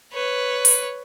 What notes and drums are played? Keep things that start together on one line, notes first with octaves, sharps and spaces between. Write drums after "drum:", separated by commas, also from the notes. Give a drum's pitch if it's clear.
B4 C#5
drum: open hi-hat